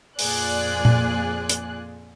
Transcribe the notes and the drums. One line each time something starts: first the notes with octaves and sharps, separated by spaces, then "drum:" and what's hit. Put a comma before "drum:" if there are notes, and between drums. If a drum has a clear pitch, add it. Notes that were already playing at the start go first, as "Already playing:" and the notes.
F2 A#2 F4 G#4 D5 F#6, drum: open hi-hat
drum: tom A#2
drum: hi-hat